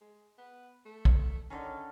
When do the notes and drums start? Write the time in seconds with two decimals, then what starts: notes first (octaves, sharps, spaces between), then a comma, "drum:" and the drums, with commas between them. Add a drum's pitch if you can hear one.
0.01 G#3
0.38 B3
0.85 A3
1.05 drum: kick
1.50 D3 D#3 C#4